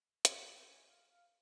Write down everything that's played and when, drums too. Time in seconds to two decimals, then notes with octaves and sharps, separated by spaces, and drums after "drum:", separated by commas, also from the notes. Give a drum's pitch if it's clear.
0.25 F5, drum: hi-hat
0.40 F#5
0.56 G5
0.72 G#5
0.90 F5
1.11 F5